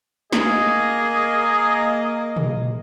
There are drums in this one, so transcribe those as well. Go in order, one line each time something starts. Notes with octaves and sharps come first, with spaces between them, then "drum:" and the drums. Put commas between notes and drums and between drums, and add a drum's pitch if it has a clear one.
A#3 G#4 D#5, drum: snare
drum: tom